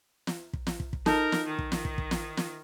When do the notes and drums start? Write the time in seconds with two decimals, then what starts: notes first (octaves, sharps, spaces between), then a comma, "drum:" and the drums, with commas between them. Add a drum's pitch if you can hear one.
0.27 drum: snare
0.53 drum: kick
0.67 drum: snare
0.80 drum: kick
0.93 drum: kick
1.06 D#4 A4 A#4, drum: snare
1.32 drum: snare
1.47 D#3
1.59 drum: kick
1.72 drum: snare
1.85 drum: kick
1.98 drum: kick
2.11 drum: snare
2.37 drum: snare